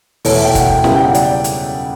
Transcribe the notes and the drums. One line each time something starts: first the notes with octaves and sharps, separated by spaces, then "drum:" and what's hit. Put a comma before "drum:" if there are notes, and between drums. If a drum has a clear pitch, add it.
E2 B2 A3 E4 C#5, drum: open hi-hat
E5
G5
F#5, drum: kick, hi-hat
G5
F#2 C#3 G3 B3 E4 G5, drum: snare
G5
F#5
D5, drum: hi-hat
drum: hi-hat